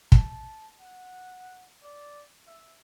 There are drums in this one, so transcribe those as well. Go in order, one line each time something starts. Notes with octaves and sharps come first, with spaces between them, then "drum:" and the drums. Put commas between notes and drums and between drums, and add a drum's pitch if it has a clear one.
A5, drum: kick
F#5
D5
E5